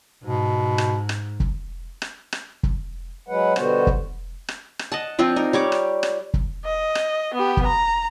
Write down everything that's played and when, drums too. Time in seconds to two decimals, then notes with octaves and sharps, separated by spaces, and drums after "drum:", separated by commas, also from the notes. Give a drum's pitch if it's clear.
0.23 G#2 B2
0.78 drum: rim click
1.09 drum: rim click
1.40 drum: kick
2.02 drum: rim click
2.33 drum: rim click
2.63 drum: kick
3.28 F#3 G#3 B4 F#5
3.56 B2 D3 G3 B3 F#4 C5, drum: rim click
3.87 drum: kick
4.48 drum: rim click
4.79 drum: rim click
4.92 D#5 F#5 A5
5.19 F3 C4 D4 F4
5.36 D#4 A#4
5.53 G3 C#5 D6
5.72 drum: rim click
6.03 drum: rim click
6.34 drum: kick
6.65 D#5
6.95 drum: rim click
7.34 B3 G4
7.57 drum: kick
7.66 A#5